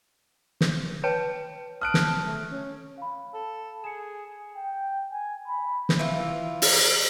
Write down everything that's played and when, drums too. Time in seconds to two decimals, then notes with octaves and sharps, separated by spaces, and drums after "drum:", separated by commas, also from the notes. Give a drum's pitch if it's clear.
0.61 drum: snare
1.03 B4 C#5 G5 A5
1.81 A5 D#6 F6 F#6 D7
1.94 drum: snare
2.25 A3
2.50 C#4
2.98 F5 B5
3.34 A4
3.84 G#4 C#7 E7
4.56 G5
5.12 G#5
5.47 B5
5.89 drum: snare
5.99 E3 F4
6.62 drum: open hi-hat